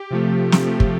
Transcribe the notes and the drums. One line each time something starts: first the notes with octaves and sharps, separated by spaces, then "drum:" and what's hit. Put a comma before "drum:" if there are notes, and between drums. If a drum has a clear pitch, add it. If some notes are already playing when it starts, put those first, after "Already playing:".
Already playing: G4
C3 F3 A3
drum: snare
C3 F3 A3
drum: kick